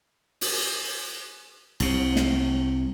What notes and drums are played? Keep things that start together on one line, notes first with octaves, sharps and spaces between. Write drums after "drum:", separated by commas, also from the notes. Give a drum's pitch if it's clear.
drum: open hi-hat
C2 C3, drum: cymbal
drum: snare